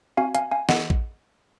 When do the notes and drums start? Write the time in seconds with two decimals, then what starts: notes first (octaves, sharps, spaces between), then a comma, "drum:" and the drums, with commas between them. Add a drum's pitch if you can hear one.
0.17 C4 F#4 F5 G#5
0.35 F5 G#5, drum: hi-hat
0.51 F5 G#5
0.69 D#5 F#5, drum: snare
0.90 drum: kick A1